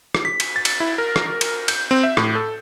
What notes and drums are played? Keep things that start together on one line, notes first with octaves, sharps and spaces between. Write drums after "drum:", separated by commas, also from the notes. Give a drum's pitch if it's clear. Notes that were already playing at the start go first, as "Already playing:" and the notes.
drum: rim click
B6
drum: cymbal
A6
drum: cymbal
E4
A#4
drum: rim click
drum: cymbal
G6, drum: cymbal
C4
E5
A2, drum: rim click
A4